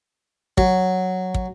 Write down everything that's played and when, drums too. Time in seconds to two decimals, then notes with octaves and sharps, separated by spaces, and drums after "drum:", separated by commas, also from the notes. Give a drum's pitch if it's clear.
0.58 F#3, drum: kick
1.34 drum: kick